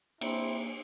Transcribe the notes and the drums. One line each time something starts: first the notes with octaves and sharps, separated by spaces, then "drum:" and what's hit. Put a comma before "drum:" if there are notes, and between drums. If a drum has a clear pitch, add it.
A#3 C4 E4, drum: cymbal